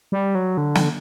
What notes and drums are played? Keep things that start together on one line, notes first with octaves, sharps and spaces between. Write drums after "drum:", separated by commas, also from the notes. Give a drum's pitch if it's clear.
G3
F#3
D3
drum: snare